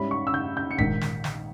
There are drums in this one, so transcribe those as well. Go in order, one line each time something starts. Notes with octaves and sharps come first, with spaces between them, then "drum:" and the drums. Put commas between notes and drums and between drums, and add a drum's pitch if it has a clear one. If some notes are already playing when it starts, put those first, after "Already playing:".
Already playing: G#2 G3 C#4 E4 B5
C#6
E6
G6
G6
C#7
A#1 G#2 D#3 B6, drum: kick E1
drum: snare
drum: snare